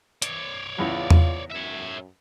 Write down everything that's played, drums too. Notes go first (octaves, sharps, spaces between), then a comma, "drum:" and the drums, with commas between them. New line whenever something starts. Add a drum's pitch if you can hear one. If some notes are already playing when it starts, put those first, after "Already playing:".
C#5 D5, drum: hi-hat
E2 A2 C#3 F4
drum: tom E2
F#2 C#5 E5